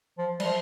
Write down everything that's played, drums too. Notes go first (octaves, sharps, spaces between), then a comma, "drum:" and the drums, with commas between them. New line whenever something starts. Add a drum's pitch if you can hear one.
F3
G3, drum: cymbal
F3